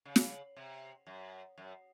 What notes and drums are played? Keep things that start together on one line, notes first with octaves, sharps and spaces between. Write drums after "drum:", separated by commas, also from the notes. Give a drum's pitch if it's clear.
C#3
drum: snare
C3
F#2
F#2